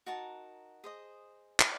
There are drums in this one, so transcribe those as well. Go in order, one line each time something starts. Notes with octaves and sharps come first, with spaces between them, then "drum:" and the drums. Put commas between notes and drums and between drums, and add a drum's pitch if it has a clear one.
D#4 F#4 A#4 A5
G#4 C5 D#5
G4 B4 D5 G#5, drum: clap